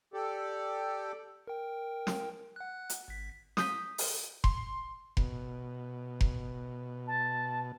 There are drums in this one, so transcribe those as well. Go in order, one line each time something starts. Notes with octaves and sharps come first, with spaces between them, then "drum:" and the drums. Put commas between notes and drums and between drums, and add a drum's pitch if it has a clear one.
G4 A4 D5
A#4 G5
drum: snare
F#5 F#6
drum: hi-hat
G#1 B6
D#6 G6 B6, drum: snare
drum: open hi-hat
C6, drum: kick F1
B2, drum: kick F1
drum: kick F1
A5